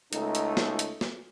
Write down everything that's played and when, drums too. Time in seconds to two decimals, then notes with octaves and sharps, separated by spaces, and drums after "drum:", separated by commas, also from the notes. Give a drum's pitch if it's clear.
0.13 C#2 A3 D#4, drum: hi-hat
0.35 drum: hi-hat
0.57 drum: snare
0.79 drum: hi-hat
1.01 drum: snare